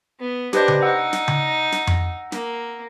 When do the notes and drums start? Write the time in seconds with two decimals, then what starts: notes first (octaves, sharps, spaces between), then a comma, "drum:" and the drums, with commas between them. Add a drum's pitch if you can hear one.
0.19 B3
0.53 D4 G4 B4 C5 D#5, drum: snare
0.68 drum: tom C#3
0.82 D#4 F#5 E6
1.13 drum: snare
1.28 drum: tom C#3
1.72 drum: snare
1.87 drum: tom F2
2.32 A#3, drum: snare